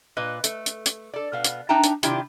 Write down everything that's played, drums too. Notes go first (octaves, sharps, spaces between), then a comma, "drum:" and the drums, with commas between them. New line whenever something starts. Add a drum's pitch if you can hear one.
A#2 B4 D#5
A3, drum: hi-hat
drum: hi-hat
drum: hi-hat
A4 D5
B2 B3 F5
drum: hi-hat
D4 D#4 E5 G5 A5 A#5
drum: hi-hat
C3 D#3 D4 E4 F4 G4, drum: hi-hat